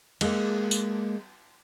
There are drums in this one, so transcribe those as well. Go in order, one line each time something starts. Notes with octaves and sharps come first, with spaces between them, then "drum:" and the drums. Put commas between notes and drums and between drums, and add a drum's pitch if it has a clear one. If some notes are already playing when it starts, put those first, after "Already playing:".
G#3 A#3, drum: cymbal
drum: tambourine